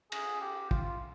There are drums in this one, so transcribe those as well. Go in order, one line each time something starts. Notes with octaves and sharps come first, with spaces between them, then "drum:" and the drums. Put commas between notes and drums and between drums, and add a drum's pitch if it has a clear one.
G#4, drum: cymbal
G4
F4, drum: kick